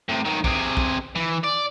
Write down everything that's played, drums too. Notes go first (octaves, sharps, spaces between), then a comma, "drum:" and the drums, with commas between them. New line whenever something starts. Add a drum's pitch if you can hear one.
A2 C3
D#3 F#3
C3 G#4, drum: kick
drum: kick
E3
D5